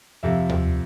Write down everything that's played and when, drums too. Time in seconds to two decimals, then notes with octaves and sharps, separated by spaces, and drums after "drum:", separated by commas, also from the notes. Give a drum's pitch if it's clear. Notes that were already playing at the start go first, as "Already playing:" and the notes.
0.23 F2 C3 F3 E5
0.49 drum: tom D#2